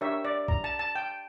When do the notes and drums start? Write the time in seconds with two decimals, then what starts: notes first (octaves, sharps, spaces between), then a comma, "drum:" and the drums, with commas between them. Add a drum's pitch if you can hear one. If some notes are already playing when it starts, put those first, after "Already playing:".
0.01 D4 G4 A#4 C#5 E5
0.25 D5
0.48 A#5, drum: kick B1
0.64 A5
0.79 A5
0.95 G5